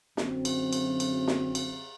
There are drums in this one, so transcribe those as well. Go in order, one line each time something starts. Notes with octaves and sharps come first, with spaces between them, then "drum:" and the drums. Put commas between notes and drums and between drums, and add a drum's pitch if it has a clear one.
F#2 D3 F#3 C4, drum: snare
drum: cymbal
drum: cymbal
drum: cymbal
drum: snare
drum: cymbal